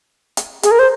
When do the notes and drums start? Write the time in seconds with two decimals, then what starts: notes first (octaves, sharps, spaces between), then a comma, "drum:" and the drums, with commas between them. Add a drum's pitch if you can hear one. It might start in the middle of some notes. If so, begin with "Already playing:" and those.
0.37 drum: hi-hat
0.63 G#4, drum: hi-hat
0.71 A#4
0.79 C5